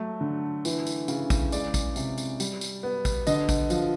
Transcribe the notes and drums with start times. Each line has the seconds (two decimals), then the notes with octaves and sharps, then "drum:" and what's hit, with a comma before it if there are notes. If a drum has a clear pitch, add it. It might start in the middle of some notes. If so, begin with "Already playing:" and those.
Already playing: F#3 A3
0.21 D3
0.65 E3, drum: tambourine
0.87 drum: tambourine
1.08 C#3, drum: tambourine
1.30 drum: kick, tambourine
1.52 G#3 D5, drum: tambourine
1.74 drum: kick, tambourine
1.96 C3, drum: tambourine
2.18 drum: tambourine
2.40 G3, drum: tambourine
2.61 drum: tambourine
2.83 B3
3.05 drum: kick, tambourine
3.27 D3 D#5, drum: tambourine
3.49 drum: kick, tambourine
3.70 F3, drum: tambourine